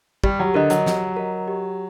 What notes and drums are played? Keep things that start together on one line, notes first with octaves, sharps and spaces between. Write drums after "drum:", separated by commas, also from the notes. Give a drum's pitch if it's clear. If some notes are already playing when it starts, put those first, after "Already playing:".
G3 G4, drum: kick
F#3
D3 A#4 D#5
F#3, drum: hi-hat
G4, drum: snare
A#4 D#5
G4